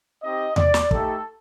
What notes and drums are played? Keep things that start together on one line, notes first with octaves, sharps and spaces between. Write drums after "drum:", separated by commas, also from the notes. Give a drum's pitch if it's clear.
C4 D#4 G4 D#5
D5, drum: tom E2
drum: snare
A3 D#4 G4 A4, drum: kick